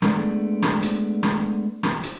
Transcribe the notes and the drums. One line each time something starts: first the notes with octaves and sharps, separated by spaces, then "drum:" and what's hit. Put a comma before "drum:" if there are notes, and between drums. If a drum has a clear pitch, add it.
G#3 A3 B3 D4, drum: rim click
drum: rim click
drum: hi-hat
drum: rim click
drum: rim click
drum: hi-hat